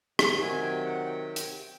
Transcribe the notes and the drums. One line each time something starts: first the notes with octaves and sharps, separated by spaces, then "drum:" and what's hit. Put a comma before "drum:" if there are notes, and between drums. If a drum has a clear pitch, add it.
C3 D#3 F#3, drum: rim click
G#5
G5
F#5
G5
G5, drum: hi-hat